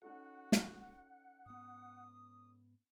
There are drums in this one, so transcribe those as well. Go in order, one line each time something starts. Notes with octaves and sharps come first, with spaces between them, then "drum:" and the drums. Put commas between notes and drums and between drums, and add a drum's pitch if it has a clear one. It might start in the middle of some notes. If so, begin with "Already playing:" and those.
C#4 D#4 F#4 A4 F#5
drum: snare
G#2 B3 D#6